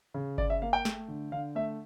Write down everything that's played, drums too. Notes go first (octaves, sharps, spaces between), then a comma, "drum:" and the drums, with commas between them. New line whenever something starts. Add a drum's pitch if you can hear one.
C#3
C#3 D5, drum: kick G1
E5
A#3 F5
G5
A3, drum: snare
D3
D3 F5
A3 E5